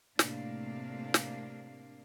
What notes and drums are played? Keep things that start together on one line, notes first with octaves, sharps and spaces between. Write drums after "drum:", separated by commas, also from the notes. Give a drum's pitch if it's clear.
A2 C3 A#3 D4 F5, drum: snare
drum: snare